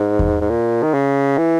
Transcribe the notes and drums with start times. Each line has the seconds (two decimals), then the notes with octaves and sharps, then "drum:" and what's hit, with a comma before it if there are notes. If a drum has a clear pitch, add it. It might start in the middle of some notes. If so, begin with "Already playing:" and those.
Already playing: G#2
0.19 drum: kick E2
0.41 G#2
0.50 A#2
0.83 D#3
0.94 C#3
1.38 E3